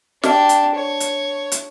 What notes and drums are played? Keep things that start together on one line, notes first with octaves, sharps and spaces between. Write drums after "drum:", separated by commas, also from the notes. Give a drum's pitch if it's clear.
D4 G4, drum: snare
drum: hi-hat
C#5
drum: hi-hat
drum: hi-hat